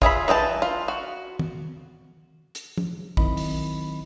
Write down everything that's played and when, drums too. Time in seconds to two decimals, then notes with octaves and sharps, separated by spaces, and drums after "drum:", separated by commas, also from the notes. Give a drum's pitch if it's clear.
0.02 F4 G#4 E5 B5, drum: kick
0.28 E3 D#5 G5 A5
0.62 F4
0.88 F#4
1.39 drum: tom
2.55 drum: hi-hat
2.78 drum: tom
3.17 D#3 F#3 C4 E4 D#5 B5, drum: kick
3.37 drum: open hi-hat